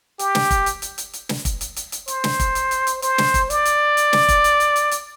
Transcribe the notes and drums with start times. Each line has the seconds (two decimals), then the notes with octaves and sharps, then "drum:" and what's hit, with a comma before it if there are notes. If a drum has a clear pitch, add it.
0.19 G4, drum: hi-hat
0.35 drum: snare
0.50 drum: kick, hi-hat
0.66 drum: hi-hat
0.82 drum: hi-hat
0.98 drum: hi-hat
1.13 drum: hi-hat
1.29 drum: snare
1.45 drum: kick, hi-hat
1.61 drum: hi-hat
1.76 drum: hi-hat
1.92 drum: hi-hat
2.08 C5, drum: hi-hat
2.24 drum: snare
2.39 drum: kick, hi-hat
2.55 drum: hi-hat
2.71 drum: hi-hat
2.87 drum: hi-hat
3.02 C5, drum: hi-hat
3.18 drum: snare
3.34 drum: kick, hi-hat
3.50 D5, drum: hi-hat
3.65 drum: hi-hat
3.97 drum: hi-hat
4.13 drum: snare
4.28 drum: kick, hi-hat
4.44 drum: hi-hat
4.60 drum: hi-hat
4.76 drum: hi-hat
4.91 drum: hi-hat